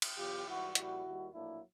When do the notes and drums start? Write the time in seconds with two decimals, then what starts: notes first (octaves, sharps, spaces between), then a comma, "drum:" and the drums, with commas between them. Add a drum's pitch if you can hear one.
0.02 drum: cymbal
0.18 E2 B2 F#3 F4 G4
0.47 G#2 E3 G3 E4 F#4
0.75 A#1 A#2 G3 E4 F#4, drum: hi-hat
1.05 D#2 D#3 G3
1.33 A#1 A2 F#3 A#3 D4 E4